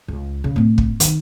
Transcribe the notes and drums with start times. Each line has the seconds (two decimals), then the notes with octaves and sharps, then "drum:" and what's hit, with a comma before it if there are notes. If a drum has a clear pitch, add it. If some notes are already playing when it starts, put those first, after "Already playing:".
0.08 C#2
0.44 C#3
0.56 A2 C4
0.78 drum: kick
1.00 D#3 D#4, drum: hi-hat